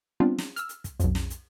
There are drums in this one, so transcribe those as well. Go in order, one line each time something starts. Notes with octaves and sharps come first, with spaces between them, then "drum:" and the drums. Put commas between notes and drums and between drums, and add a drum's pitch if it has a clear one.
G3 B3 C4 D4 F4
drum: snare
E6 F6, drum: hi-hat
drum: hi-hat
drum: kick, hi-hat
B1 F2, drum: hi-hat
drum: snare
drum: hi-hat